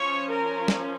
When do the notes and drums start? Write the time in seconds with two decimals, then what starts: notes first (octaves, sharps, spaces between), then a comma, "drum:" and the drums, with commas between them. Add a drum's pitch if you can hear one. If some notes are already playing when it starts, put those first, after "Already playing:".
Already playing: F3 C#4 C#5
0.29 A#4
0.68 drum: snare